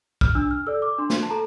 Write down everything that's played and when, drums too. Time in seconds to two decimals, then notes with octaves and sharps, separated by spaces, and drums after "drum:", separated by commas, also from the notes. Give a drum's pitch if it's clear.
0.21 F6, drum: kick
0.35 D4 E6
0.51 F6
0.67 A4 D5 E6
0.82 D6
0.98 D4 C6
1.10 drum: snare
1.23 A5
1.30 A4 A#5